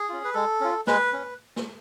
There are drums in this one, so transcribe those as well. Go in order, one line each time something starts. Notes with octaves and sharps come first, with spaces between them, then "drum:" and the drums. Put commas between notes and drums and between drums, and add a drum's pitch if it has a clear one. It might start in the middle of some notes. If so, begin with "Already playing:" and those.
Already playing: G#4
C#4 F4
B4
G#3 A4
C#4 F4
G#3 B4, drum: snare
C#4
drum: snare